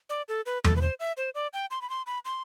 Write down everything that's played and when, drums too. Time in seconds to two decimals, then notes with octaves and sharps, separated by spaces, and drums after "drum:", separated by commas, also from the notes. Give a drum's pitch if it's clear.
0.09 D5
0.29 A4
0.46 B4
0.64 A4, drum: tom E2
0.76 B4
0.81 C5
1.00 E5
1.17 C5
1.35 D5
1.53 G5
1.71 C6
1.82 B5
1.90 C6
2.06 B5
2.25 C6